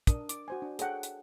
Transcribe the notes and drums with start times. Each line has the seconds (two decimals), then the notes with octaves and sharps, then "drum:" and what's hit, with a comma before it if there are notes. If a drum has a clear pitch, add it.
0.07 D4 A#4 D#6, drum: kick, hi-hat
0.29 D6, drum: hi-hat
0.48 F#4 C5 G#5
0.62 D4
0.79 G#4 A4 C#5 F#5 G5, drum: hi-hat
1.03 drum: hi-hat